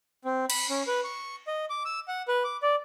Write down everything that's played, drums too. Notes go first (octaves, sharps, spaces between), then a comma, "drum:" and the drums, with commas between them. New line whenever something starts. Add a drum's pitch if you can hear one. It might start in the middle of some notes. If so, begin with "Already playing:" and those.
C4
B5, drum: cymbal
C#4
B4
C#6
D#5
D6
E6
F#5
B4
D6
D5